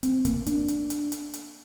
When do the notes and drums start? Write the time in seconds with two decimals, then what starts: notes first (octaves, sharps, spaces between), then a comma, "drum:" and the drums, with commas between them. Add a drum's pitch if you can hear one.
0.03 C4, drum: hi-hat
0.25 A#3, drum: kick, hi-hat
0.46 D4, drum: hi-hat
0.68 drum: hi-hat
0.90 drum: hi-hat
1.12 drum: hi-hat
1.34 drum: hi-hat